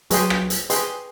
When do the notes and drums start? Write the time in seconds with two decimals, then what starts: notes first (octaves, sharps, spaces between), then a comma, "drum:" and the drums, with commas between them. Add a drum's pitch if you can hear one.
0.11 F#3 G#4 B4 D#5 G5 C6, drum: hi-hat
0.30 drum: rim click
0.50 drum: hi-hat
0.70 G#4 B4 D#5 G5 C6, drum: hi-hat